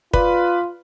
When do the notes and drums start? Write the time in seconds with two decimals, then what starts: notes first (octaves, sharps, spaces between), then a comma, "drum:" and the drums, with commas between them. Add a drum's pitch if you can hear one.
0.13 F4 B4 D5 B5, drum: kick